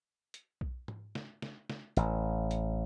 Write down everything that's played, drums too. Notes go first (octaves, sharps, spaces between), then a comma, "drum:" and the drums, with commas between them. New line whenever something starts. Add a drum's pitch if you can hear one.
drum: hi-hat
drum: kick B1
drum: tom G#2
drum: snare
drum: snare
drum: snare
A1, drum: hi-hat
drum: hi-hat